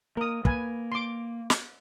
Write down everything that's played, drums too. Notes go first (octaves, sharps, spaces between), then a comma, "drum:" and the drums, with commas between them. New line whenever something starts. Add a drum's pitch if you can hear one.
A#3 A#4 D#6
A#3 B4 G#5, drum: kick
C6 D6
drum: snare